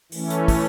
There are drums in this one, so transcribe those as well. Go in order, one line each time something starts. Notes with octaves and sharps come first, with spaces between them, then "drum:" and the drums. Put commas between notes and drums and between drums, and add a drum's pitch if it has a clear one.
E3 A3 C#4, drum: open hi-hat
drum: hi-hat
drum: kick, open hi-hat